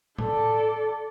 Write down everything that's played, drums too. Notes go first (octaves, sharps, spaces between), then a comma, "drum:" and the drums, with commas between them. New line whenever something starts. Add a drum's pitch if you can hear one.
A4 D5, drum: tom A2